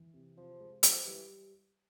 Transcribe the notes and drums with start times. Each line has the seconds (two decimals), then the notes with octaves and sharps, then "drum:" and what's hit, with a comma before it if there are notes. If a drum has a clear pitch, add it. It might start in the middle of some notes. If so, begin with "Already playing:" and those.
Already playing: E3
0.14 C3
0.37 C3 F3
0.60 G#3
0.83 F3 G3, drum: hi-hat
1.06 E3 G3